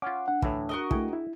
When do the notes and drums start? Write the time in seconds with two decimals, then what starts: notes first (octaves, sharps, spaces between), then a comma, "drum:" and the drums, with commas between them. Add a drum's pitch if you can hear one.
0.02 C#4 F4 F#5 D6
0.28 D4 F#5
0.42 D2 A2 E3, drum: kick
0.69 F#4 A#4 D#5
0.91 A3 E4 G#4 G5, drum: kick
1.13 E4